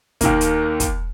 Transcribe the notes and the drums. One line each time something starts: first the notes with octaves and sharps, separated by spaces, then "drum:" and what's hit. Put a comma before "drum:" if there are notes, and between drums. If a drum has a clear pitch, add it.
D#2 D#3 A#3, drum: kick, hi-hat
drum: hi-hat
drum: kick, hi-hat